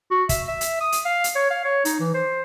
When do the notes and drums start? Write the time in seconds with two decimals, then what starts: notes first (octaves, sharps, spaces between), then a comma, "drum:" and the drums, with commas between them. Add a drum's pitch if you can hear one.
0.11 F#4
0.29 E5, drum: kick, hi-hat
0.48 E5
0.61 drum: hi-hat
0.81 D#6
0.92 drum: hi-hat
1.05 F5
1.24 drum: hi-hat
1.35 C#5
1.50 F5
1.64 C#5
1.85 D#4, drum: hi-hat
2.00 E3
2.14 C5